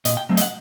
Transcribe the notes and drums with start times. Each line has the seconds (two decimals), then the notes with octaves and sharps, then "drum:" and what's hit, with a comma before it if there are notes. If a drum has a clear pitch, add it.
0.05 A#2 D#5, drum: hi-hat
0.17 G5
0.29 F#3 A3 C4
0.37 D#5, drum: hi-hat
0.42 F#5